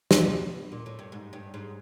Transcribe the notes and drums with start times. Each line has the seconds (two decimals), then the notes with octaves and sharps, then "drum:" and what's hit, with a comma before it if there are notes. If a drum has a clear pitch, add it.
0.11 B2, drum: snare
0.72 A#2
0.86 A2
0.99 G2
1.12 G#2
1.33 G2
1.54 G#2